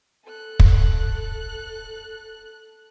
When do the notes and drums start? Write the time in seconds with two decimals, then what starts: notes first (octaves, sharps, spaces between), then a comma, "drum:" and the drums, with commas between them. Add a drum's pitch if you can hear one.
0.25 A4 F#6
0.60 drum: kick